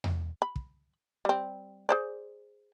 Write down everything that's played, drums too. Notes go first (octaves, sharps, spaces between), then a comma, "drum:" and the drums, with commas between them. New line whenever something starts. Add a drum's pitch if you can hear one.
drum: tom E2
B5
drum: kick
G3 C4
G#4 C5 D5